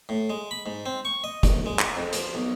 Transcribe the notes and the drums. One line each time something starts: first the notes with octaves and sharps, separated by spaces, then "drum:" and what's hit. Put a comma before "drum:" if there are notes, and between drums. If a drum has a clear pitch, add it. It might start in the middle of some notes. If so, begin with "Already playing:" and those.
A2
G#3
B5
G#2
C4
C#6
D#5
A#1, drum: kick, hi-hat
G#3
drum: clap
F2
F3, drum: hi-hat
B1